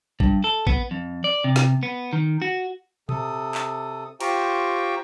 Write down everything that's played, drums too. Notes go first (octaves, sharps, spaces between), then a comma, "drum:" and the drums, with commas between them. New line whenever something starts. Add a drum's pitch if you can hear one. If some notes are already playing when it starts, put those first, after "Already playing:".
G2, drum: kick
A4
B3, drum: kick
F2
D5
C3
drum: snare
B3
D#3
F#4
C3 A4 D#6, drum: tom A#2
drum: clap
F4 G4 C5 G5 A#5 C#6, drum: cymbal